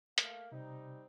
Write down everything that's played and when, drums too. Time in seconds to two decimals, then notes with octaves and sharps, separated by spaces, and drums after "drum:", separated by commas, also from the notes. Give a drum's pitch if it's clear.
0.18 A3 A#3 F5, drum: hi-hat
0.52 C3 G3 C4 D#4